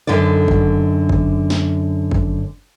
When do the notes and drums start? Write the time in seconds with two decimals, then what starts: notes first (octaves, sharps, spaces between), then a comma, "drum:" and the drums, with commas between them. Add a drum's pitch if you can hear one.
0.07 F#2 D3 D#4 D5
0.48 drum: kick F#1
1.09 drum: kick F#1
1.50 drum: snare
2.11 drum: kick F#1